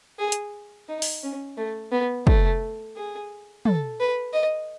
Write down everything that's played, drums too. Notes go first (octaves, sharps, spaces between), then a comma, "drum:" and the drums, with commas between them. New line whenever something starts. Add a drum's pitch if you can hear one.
G#4
drum: hi-hat
D#4
drum: open hi-hat
C#4
A3
B3
A3, drum: kick
G#4
A4, drum: tom
B4
D#5